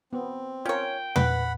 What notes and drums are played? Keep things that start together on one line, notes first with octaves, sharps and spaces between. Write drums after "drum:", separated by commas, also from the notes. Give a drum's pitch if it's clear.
B3 C4
C#4 F4 A#4 C#5 G5
B4 F#5 B5, drum: tom